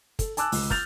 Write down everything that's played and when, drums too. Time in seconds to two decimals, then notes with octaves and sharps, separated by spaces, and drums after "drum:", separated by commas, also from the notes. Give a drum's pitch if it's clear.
0.19 A4, drum: kick, hi-hat
0.37 G#5 A5 D6 E6 F#6, drum: hi-hat
0.52 C#2, drum: open hi-hat
0.70 F6 G6 A6 F7, drum: kick